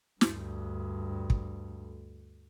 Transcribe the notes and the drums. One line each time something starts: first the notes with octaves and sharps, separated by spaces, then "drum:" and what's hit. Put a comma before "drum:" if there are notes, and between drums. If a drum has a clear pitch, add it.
D2 G2, drum: snare
drum: kick